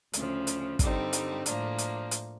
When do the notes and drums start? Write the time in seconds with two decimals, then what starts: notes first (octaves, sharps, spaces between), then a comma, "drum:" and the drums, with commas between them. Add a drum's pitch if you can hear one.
0.13 D2 C#3 F3, drum: hi-hat
0.47 drum: hi-hat
0.79 G2 D3 G3 C4 D#4, drum: kick, hi-hat
1.13 drum: hi-hat
1.46 A2 F3 A#3 D4, drum: hi-hat
1.78 drum: hi-hat
2.11 drum: hi-hat